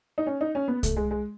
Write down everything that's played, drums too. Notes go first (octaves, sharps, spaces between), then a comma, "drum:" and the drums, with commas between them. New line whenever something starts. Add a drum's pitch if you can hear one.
D#4
C#4
D#4
C#4
B3
A3, drum: kick C2, hi-hat
G#3
G#3